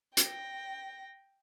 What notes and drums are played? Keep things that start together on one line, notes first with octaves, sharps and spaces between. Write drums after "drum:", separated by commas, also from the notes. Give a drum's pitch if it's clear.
G5 A#6, drum: hi-hat